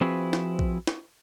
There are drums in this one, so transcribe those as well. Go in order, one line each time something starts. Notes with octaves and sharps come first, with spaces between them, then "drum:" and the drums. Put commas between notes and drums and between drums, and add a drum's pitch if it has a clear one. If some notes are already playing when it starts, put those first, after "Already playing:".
F3 C4 E4 F#4 G#4 B4
drum: snare
drum: kick A#1
drum: snare